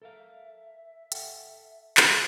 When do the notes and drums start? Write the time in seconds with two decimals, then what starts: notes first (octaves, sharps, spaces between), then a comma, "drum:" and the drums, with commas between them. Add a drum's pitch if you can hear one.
0.02 A4 A#4 E5 F5
1.12 A4 F#5 G5, drum: hi-hat
1.97 drum: clap